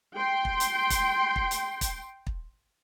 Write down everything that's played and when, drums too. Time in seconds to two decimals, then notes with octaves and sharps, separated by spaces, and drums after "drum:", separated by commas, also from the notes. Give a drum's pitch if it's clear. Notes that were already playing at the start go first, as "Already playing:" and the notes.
0.15 G5 C6
0.45 drum: kick
0.60 drum: hi-hat
0.90 drum: kick, hi-hat
1.36 drum: kick
1.51 drum: hi-hat
1.81 drum: kick, hi-hat
2.27 drum: kick